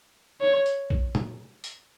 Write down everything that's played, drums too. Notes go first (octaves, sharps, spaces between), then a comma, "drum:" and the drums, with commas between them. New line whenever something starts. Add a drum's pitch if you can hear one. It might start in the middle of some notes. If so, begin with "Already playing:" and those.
C#5
drum: hi-hat
drum: kick A#1
drum: tom A#2
drum: hi-hat